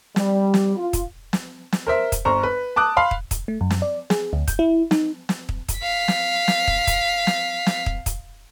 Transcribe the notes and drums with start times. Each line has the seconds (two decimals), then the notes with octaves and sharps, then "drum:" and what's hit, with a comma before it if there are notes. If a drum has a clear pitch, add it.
0.16 G3, drum: snare
0.54 drum: snare
0.77 F4
0.93 drum: kick, hi-hat
1.33 drum: snare
1.72 drum: snare
1.87 A#4 C5 E5
2.12 drum: kick, hi-hat
2.25 G1 C5 A#5 C#6
2.43 B4
2.76 A5 D6 D#6 F#6
2.97 F5 B5 C6
3.11 drum: kick
3.31 drum: kick, hi-hat
3.48 A3
3.61 F#2
3.70 drum: snare
3.82 D5
4.10 G#4, drum: snare
4.33 D2
4.48 G6, drum: kick, hi-hat
4.59 E4
4.91 D#4, drum: snare
5.29 drum: snare
5.49 drum: kick
5.69 drum: kick, hi-hat
5.78 F5 B6
6.08 drum: snare
6.48 drum: snare
6.68 drum: kick
6.87 drum: kick, hi-hat
7.27 drum: snare
7.67 drum: snare
7.86 drum: kick
8.06 drum: kick, hi-hat